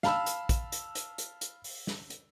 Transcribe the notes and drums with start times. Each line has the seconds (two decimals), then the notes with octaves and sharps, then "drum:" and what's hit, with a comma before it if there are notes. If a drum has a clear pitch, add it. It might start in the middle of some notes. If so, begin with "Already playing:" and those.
0.03 F5 A5 B5 E6, drum: snare
0.26 drum: hi-hat
0.49 drum: kick, hi-hat
0.72 drum: hi-hat
0.95 drum: hi-hat
1.18 drum: hi-hat
1.41 drum: hi-hat
1.64 drum: open hi-hat
1.87 drum: snare
2.10 drum: hi-hat